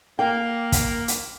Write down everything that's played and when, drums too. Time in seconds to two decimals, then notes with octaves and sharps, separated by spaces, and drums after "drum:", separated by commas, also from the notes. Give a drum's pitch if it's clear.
0.19 A#3 G5
0.72 drum: kick, hi-hat
1.08 drum: hi-hat